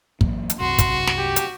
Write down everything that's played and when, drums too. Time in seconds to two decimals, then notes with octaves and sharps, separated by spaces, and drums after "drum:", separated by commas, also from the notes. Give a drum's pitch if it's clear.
0.21 E3 F#3 A#3, drum: kick
0.50 drum: hi-hat
0.60 C2 F#2 C3 F#4 C6
0.78 drum: kick, hi-hat
1.07 drum: snare
1.18 G4
1.36 drum: hi-hat